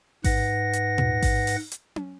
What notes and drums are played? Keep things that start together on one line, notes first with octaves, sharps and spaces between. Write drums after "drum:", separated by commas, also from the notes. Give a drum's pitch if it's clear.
G#2 B4 F#5 A#6, drum: kick A1, open hi-hat
drum: hi-hat
drum: tom A#2
drum: kick A1, open hi-hat
drum: open hi-hat
drum: hi-hat
drum: tom C#4